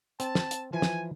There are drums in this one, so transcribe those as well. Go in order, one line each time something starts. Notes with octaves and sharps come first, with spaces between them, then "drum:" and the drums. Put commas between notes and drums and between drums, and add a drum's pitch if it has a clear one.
C4 A5, drum: hi-hat
drum: snare
drum: hi-hat
E3 F3 F4 G#5
drum: snare